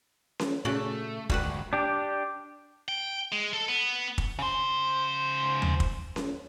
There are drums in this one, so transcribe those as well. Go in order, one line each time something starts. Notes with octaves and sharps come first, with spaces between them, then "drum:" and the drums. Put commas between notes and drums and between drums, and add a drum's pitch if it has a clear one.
drum: snare C#4
A#2 C#3 A3 F#4 D5
D2 G#2 D3 G3 F#4 B4, drum: kick
D4 G4
G5
G#3
A4
B3
drum: kick
C#3 C5
drum: tom D#2
drum: kick
drum: snare C#4